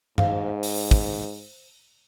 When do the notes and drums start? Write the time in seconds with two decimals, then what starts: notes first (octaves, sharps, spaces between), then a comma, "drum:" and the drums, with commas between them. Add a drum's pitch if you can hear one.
0.18 G#2 C5 F5, drum: tom G2
0.63 drum: open hi-hat
0.91 drum: kick